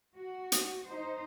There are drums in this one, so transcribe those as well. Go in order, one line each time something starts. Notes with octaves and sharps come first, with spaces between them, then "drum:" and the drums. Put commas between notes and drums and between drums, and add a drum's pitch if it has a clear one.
F#4
drum: hi-hat
D#4 C5